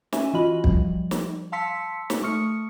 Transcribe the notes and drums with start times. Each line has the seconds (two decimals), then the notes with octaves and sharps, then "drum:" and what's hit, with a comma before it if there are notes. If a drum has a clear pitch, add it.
0.13 C#4 E5 G#5, drum: snare
0.33 E3 F4 F#4 D#5 B5 F#7
0.64 F3 G3, drum: kick
1.11 drum: snare
1.52 F5 A5 C6 E6 B6 C#7
2.10 drum: snare
2.22 A3 C#6 D#6 F6 C#7